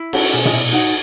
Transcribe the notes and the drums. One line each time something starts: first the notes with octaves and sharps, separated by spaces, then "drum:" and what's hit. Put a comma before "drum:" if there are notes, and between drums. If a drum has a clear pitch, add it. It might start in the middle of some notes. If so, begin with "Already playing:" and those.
Already playing: E4
C#4 F#4 F#5, drum: cymbal
B2 G#4 G#5
D#5, drum: tom A#2
B2 E4 E5
D#4 F#4 F#5